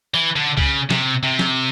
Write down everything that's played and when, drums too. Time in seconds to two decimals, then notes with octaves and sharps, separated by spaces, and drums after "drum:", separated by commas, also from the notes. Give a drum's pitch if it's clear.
0.14 E3
0.36 D3
0.57 C#3, drum: kick
0.91 C3, drum: snare
1.23 C3
1.39 drum: snare